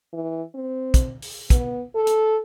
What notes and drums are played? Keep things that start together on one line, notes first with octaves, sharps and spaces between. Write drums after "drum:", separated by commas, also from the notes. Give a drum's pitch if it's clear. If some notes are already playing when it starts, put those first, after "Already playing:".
E3
C4
drum: kick, hi-hat
drum: open hi-hat
B3, drum: kick, hi-hat
A4
drum: hi-hat